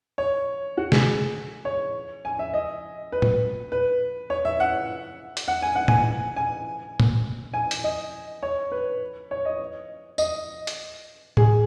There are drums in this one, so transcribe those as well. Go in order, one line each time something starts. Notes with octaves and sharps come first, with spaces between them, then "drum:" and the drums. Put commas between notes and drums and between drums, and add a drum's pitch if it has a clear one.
C#5
F#4
G#4, drum: snare
C#5
G#5
E5
D#5
B4
drum: tom A#2
B4
C#5
E5
F#5
drum: hi-hat
F#5
G#5
F#5
G#5, drum: tom A#2
G#5
drum: tom A#2
G#5
drum: hi-hat
D#5
C#5
B4
C#5
D#5
D#5, drum: tambourine
drum: hi-hat
G#4, drum: tom A2